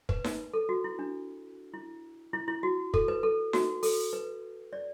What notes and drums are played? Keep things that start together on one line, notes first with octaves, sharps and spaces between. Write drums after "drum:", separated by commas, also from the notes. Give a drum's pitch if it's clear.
B4, drum: kick
B4, drum: snare D#4
A4
F#4
E4
D4
E4
E4
E4
F#4
A4, drum: kick
B4
A4
F#4, drum: snare D#4
A4, drum: open hi-hat
B4
D5